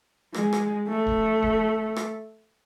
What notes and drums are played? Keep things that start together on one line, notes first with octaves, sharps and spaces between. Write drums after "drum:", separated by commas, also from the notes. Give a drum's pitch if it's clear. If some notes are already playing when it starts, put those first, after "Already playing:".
G#3, drum: rim click
drum: rim click
A3
drum: kick D1
drum: kick D1
drum: rim click